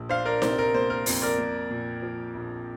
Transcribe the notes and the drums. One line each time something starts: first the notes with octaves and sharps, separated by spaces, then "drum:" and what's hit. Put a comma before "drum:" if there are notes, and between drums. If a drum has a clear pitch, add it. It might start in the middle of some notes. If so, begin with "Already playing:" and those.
Already playing: A#1
D4 C5 F5
A#4 D5
C3 C5, drum: snare D#4
A#4
A#3 C5
A#4
F2, drum: open hi-hat
A#4 D5
A#3
A#2
F3
A#1